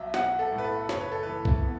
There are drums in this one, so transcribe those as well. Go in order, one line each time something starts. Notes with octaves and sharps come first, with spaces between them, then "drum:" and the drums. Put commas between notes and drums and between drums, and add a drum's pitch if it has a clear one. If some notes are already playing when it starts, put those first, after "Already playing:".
Already playing: B1 F#3 E5
B1 F#5, drum: snare
A4
A2
B4
A4
F#1 C#5, drum: snare
B4
A4
E3 B4
drum: kick C2
B3